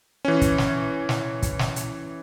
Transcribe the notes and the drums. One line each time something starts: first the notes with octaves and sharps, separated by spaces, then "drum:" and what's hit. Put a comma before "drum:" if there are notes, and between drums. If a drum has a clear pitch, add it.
E3 C#4
drum: kick, hi-hat
drum: snare
drum: snare
drum: kick, hi-hat
drum: snare
drum: hi-hat